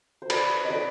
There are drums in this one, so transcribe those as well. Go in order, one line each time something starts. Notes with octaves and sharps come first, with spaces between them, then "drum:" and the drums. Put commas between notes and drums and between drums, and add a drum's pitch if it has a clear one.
C5
B4 D5, drum: cymbal
D#5
B4 D5